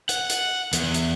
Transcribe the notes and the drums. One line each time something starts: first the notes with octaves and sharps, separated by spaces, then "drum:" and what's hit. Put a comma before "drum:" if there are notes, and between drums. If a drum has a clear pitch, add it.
F#5, drum: hi-hat
drum: hi-hat
E2, drum: hi-hat
drum: hi-hat